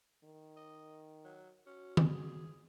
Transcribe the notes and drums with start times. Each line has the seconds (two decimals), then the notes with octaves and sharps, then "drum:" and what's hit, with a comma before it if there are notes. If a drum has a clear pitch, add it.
0.24 D#3
0.57 D#5
1.25 F#3
1.66 C#4 F#4
1.97 G#4, drum: tom